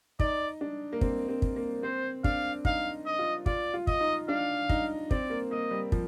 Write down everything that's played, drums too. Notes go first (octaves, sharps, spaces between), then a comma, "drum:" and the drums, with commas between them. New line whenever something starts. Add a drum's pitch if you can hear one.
D#4 D5, drum: kick
D4
A#3
C4, drum: kick
C4
drum: kick
A#3
C4 C5
D4 F5, drum: kick
D#4 F5, drum: kick
D#5
F4
F4 D5, drum: kick
F4
D#5, drum: kick
D#4
D4 F5
D#4, drum: kick
C4 D5, drum: kick
A#3
A#3 D#5
G3
F3, drum: kick